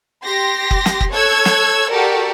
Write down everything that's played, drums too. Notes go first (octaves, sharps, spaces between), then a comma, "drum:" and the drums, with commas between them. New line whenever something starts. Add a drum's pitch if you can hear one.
G4 C6 A#6
drum: kick
drum: snare
drum: kick
A4 C#5 E6 F#6 G#6
drum: snare
F#4 G4 A4 A#4 D5